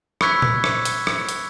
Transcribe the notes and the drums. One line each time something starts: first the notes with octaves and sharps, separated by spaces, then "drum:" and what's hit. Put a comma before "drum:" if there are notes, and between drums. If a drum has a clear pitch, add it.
B5 C#6 E6 F#6 G#6 B6, drum: rim click
drum: tom A#2
drum: rim click
drum: hi-hat
drum: rim click
drum: hi-hat